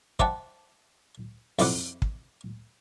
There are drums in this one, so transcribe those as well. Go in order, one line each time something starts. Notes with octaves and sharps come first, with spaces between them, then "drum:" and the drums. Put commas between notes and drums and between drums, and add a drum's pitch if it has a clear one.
C5 D5 E5 F#5 G5 A5, drum: kick
F2 E4 C5 D5 F#5, drum: open hi-hat
drum: kick